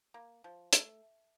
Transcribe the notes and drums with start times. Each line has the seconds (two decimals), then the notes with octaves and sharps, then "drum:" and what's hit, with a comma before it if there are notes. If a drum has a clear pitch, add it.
0.14 A#3
0.44 F3
0.73 A3, drum: hi-hat